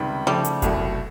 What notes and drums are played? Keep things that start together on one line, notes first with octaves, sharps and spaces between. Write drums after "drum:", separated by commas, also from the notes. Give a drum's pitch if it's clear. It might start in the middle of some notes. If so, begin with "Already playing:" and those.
Already playing: C#2 C3 D#3 G3
C#3 F3 G3 A3
drum: hi-hat
C2 B2 F#3 A3, drum: kick F#1, hi-hat